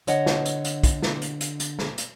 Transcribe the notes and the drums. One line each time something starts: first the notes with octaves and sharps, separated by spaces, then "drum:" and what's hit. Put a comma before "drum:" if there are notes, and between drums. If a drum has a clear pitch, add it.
D3 C#5 D#5 F#5, drum: hi-hat
drum: snare
drum: hi-hat
drum: hi-hat
drum: kick, hi-hat
drum: snare
drum: hi-hat
drum: hi-hat
drum: hi-hat
drum: snare
drum: hi-hat